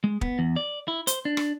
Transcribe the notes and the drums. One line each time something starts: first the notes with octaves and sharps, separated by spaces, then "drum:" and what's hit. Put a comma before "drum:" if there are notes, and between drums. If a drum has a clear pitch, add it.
G#3
B3, drum: kick
E2
D5
E4
C5, drum: hi-hat
D4
drum: rim click